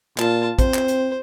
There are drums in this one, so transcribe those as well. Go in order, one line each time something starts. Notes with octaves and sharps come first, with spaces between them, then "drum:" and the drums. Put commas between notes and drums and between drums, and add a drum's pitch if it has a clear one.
A#2 F4 A5, drum: clap
C4 C5, drum: kick, hi-hat
drum: clap
drum: hi-hat